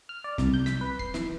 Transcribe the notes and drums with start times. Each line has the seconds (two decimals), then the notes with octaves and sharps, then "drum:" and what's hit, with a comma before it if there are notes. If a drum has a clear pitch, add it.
0.09 F6
0.24 D5
0.38 C2, drum: snare
0.54 G6
0.66 B6, drum: snare
0.81 B4
0.99 C7, drum: kick
1.14 E3, drum: snare